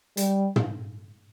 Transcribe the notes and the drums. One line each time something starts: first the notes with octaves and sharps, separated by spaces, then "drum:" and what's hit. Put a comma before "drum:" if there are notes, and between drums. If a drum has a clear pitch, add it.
G3, drum: hi-hat
drum: tom